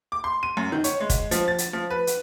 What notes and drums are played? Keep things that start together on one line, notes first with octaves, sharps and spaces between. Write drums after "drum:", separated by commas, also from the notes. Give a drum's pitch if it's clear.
D6
C6
D#7
F#2
D#3
C#5, drum: hi-hat
G#3
drum: kick, hi-hat
F3, drum: hi-hat
A6
drum: hi-hat
F3
B4
drum: hi-hat